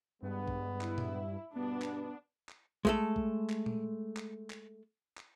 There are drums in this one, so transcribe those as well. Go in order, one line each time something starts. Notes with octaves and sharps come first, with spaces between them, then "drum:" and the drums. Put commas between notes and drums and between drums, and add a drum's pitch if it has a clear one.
G2 D3 G#3 B3
drum: kick A#1
E4, drum: clap
drum: tom A#2
G2 B2 G3 B3 D4
drum: clap
drum: clap
G#3 A3 A4, drum: kick A#1
drum: kick A#1
drum: clap
drum: tom A#2
drum: clap
drum: clap
drum: clap